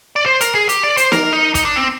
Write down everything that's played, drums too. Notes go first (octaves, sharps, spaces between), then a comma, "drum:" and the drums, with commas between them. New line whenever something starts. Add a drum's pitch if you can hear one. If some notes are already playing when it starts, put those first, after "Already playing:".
D5
C5
A#4, drum: hi-hat
G#4
G4, drum: hi-hat
D5
C5, drum: hi-hat
A#4, drum: snare
D#4
D#4, drum: kick, hi-hat
D4
C4